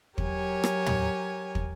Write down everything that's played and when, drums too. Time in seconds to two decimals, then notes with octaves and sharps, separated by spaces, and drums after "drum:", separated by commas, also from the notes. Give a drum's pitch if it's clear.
0.18 F#3 G4 A#4 C#5 G#5, drum: kick
0.64 drum: rim click
0.86 drum: tom
1.55 drum: kick